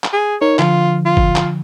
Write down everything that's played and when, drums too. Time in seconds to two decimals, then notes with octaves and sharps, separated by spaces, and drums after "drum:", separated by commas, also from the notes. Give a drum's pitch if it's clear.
0.04 drum: clap
0.13 G#4
0.42 D#4 A#4 C#5
0.59 D3 F3 F4, drum: clap
1.06 F4
1.17 drum: kick G1
1.36 drum: clap